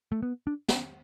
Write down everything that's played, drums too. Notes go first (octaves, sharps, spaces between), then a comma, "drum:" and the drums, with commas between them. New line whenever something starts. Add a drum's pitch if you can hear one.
A3
B3
D4
drum: snare